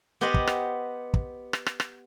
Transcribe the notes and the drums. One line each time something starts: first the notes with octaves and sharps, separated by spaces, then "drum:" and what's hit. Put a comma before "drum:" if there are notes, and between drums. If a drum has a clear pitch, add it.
B3 G4 C5 D#5 F#5
drum: kick
drum: rim click
drum: kick
drum: rim click
drum: rim click
drum: rim click